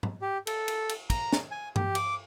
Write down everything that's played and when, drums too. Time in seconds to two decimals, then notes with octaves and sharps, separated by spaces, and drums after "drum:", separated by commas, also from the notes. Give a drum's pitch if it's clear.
0.03 drum: tom
0.22 G4
0.47 A4, drum: cymbal
0.68 drum: cymbal
0.89 drum: cymbal
1.10 A#5, drum: kick, cymbal
1.33 drum: snare
1.51 G#5
1.76 G4, drum: tom G2
1.95 D6, drum: cymbal